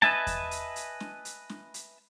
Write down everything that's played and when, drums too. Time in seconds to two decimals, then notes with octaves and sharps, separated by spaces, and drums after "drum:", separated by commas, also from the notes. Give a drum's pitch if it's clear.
0.02 B4 D#5 E5 G#5 A5, drum: snare
0.27 drum: kick E2, hi-hat
0.51 drum: hi-hat
0.76 drum: hi-hat
1.00 drum: snare
1.25 drum: hi-hat
1.50 drum: snare
1.74 drum: hi-hat